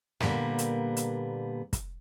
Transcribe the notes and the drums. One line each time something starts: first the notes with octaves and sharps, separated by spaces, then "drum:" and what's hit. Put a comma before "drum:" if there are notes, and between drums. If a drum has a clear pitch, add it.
A#2 D3 G3 A#3 B3, drum: snare
drum: hi-hat
drum: hi-hat
drum: kick, hi-hat